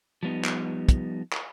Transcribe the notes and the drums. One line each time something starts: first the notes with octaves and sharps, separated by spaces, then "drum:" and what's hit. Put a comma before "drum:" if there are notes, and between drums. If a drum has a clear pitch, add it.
F3 G3 B3 D#4
drum: clap
drum: kick, hi-hat
drum: clap